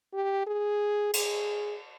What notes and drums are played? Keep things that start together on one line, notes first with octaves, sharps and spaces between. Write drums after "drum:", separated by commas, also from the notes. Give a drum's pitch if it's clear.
G4
G#4
G#4, drum: cymbal